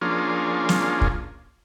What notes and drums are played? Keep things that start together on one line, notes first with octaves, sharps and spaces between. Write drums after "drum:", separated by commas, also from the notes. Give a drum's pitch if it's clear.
F3 A#3 C#4 D4 F4 G#4
drum: snare
drum: kick